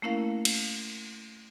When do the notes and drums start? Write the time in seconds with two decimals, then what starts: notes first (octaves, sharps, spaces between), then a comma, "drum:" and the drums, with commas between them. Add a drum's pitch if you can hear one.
0.02 A3 A#3 C#4 E4 A#4 F5
0.45 drum: cymbal